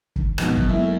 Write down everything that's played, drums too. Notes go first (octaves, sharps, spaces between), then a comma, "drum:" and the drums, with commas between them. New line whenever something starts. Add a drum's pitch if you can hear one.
drum: kick
F2 G#2 B2 D#5, drum: rim click
F#2, drum: kick
G#3 A#3 B3 E4
A4